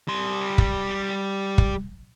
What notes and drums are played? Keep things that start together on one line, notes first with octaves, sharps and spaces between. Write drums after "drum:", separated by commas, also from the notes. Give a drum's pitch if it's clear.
G3 C6
drum: kick
drum: kick